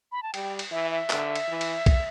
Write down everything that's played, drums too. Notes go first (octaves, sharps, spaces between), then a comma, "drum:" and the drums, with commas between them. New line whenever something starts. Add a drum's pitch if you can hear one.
B5
A5
G3 G5, drum: cymbal
drum: cymbal
E3 E5
E5
D3, drum: clap
drum: cymbal
E3
drum: cymbal
drum: kick B1, cymbal